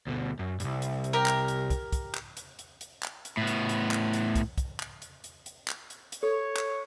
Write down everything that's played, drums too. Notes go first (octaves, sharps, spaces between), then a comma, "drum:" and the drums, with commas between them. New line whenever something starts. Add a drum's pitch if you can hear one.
D2 B2
F#2
C2 G2, drum: hi-hat
drum: hi-hat
drum: hi-hat
G4 A#4
drum: clap
drum: hi-hat
drum: kick, hi-hat
drum: kick, hi-hat
drum: clap
drum: hi-hat
drum: hi-hat
drum: hi-hat
drum: clap
drum: hi-hat
A2 B3
drum: hi-hat
drum: hi-hat
drum: clap
drum: hi-hat
drum: kick, hi-hat
drum: kick, hi-hat
drum: clap
drum: hi-hat
drum: hi-hat
drum: hi-hat
drum: clap
drum: hi-hat
drum: hi-hat
A4 C#5
drum: clap